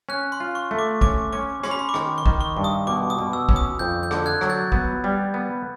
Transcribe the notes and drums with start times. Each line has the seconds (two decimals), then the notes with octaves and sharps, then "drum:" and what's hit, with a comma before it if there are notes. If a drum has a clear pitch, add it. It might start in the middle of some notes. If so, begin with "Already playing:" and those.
0.09 C#4 F#6
0.32 C6
0.40 F4
0.55 C#6
0.71 A3
0.79 D6
1.01 C#4 D6, drum: kick
1.33 C#4 D6
1.64 C#4 C6, drum: rim click
1.71 B5
1.79 C6
1.89 D6
1.94 D#3 C#6, drum: rim click
2.18 C#6
2.26 D#3, drum: kick
2.41 C#6
2.57 G2
2.64 D#6
2.87 B2 D6
3.10 D#6
3.19 B2
3.33 E6
3.49 C#4, drum: kick
3.56 D#6
3.79 F2 G6
4.03 G6
4.11 D3, drum: rim click
4.26 F#6 G#6
4.41 F#3, drum: rim click
4.50 G6 A6
4.72 B3, drum: kick
5.04 G3
5.34 B3